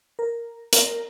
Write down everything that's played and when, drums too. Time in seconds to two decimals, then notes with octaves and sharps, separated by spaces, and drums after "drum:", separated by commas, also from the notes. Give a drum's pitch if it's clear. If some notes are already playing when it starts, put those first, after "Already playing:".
0.19 A#4
0.73 A#4, drum: hi-hat